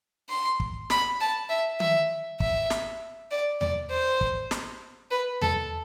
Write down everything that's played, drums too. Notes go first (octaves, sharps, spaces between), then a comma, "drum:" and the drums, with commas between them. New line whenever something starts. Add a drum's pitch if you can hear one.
C6
drum: kick
B5, drum: snare
A5
E5
E5, drum: tom D#3
E5, drum: kick
drum: snare
D5
D5, drum: tom E2
C5
drum: kick
drum: snare
B4
A4, drum: tom E2